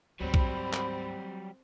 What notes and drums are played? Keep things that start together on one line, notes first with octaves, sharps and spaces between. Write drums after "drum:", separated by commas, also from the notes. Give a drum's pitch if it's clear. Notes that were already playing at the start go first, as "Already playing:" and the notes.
D2 G#2 F#3 G3 C4 B5
drum: kick B1
drum: clap